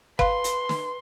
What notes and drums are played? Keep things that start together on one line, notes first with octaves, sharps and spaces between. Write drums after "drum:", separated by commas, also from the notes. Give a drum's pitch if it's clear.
B4 F5 C6, drum: kick
drum: hi-hat
drum: snare